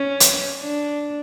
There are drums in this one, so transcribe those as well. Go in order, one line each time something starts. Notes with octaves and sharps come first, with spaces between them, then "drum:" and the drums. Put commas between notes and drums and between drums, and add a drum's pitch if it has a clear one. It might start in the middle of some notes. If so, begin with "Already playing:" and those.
Already playing: C#4
drum: hi-hat
D4